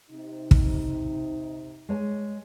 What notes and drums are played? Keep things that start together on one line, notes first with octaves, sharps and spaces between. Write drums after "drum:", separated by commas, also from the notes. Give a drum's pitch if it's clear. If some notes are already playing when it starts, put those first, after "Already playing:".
C3 D#4
drum: kick
G#3 C#5 G#5